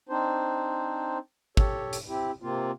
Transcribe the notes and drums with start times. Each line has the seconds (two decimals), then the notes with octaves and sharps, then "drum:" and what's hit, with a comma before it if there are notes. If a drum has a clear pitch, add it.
0.09 C4 D4 D#4 C5
1.57 G4 A4 C#5, drum: kick
1.93 drum: hi-hat
2.08 C4 E4 G4
2.42 C3 A#3 C4 F4